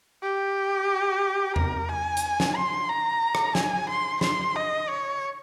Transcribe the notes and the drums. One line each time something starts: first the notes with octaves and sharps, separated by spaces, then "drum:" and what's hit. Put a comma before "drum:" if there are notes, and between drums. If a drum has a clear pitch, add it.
G4
A#4, drum: tom E2
G#5
drum: hi-hat
drum: snare
C6
A#5
drum: rim click
G#5, drum: snare
C6
C6, drum: snare
D#5
C#5